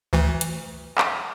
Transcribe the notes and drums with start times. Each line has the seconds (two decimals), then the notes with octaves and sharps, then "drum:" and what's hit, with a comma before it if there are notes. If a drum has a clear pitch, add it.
0.13 D2 E3
0.41 drum: hi-hat
0.98 drum: clap